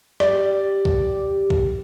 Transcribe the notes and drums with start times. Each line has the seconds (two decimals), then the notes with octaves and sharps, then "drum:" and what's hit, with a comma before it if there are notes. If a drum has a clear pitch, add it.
0.20 G4 D5, drum: rim click
0.85 drum: kick B1
1.50 drum: kick B1